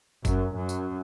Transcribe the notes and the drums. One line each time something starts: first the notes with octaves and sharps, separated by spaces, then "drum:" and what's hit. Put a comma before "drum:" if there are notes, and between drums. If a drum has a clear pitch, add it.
F#2, drum: kick G1, tambourine
F#2
drum: tambourine